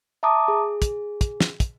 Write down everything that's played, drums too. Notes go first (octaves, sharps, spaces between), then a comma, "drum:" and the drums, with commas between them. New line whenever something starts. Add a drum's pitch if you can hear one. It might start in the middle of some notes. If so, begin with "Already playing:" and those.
E5 A5 A#5 D6 D#6
G#4
drum: kick, hi-hat
drum: kick, hi-hat
drum: snare
drum: kick, hi-hat